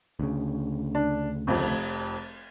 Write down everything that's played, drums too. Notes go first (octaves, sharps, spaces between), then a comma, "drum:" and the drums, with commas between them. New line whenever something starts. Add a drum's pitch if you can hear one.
D2 C#3
D4
F1 F2, drum: cymbal